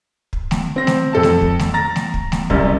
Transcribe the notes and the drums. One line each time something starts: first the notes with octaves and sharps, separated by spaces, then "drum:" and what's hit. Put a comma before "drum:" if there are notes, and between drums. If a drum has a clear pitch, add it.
drum: kick
drum: snare A3
C4 A#6
drum: snare A3
F2 A4 A5
drum: snare A3
drum: kick
drum: snare A3
A#5 A6 A#6
drum: snare A3
drum: kick
drum: snare A3
F#1 C2 F#2, drum: kick